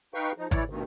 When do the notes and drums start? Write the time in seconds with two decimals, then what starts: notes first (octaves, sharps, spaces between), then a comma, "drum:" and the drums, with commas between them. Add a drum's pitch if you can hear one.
0.14 D#4 B4 F5 G5 C#6
0.38 F3 D#4
0.51 E3 E4 C#5 D5, drum: kick G#1, hi-hat
0.70 D2 G2 B2 D#3